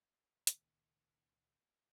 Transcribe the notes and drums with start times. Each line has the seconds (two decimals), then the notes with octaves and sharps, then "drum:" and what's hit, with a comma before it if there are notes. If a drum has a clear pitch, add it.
0.47 C#2 A#2 D#3 A#3, drum: hi-hat